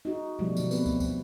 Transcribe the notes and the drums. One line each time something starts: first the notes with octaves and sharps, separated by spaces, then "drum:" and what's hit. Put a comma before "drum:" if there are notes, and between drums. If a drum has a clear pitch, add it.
D#4 F#4 G#4
B2 F3 G3 A3 F#4
B2 D3 F#3 A#3, drum: tambourine
D#3 A3 B3 C4 G4 B4, drum: tambourine
drum: kick, tambourine
drum: kick, tambourine